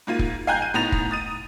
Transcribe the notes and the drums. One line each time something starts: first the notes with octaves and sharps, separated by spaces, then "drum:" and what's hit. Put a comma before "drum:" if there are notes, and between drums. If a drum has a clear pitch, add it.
G#2 A#3 F4 D#7
drum: kick
F5 G5 G#5 A#5 F#6 G6
D#7
A2 B3 D#4 A#5 A6 F7
drum: kick
D#6 A6 D#7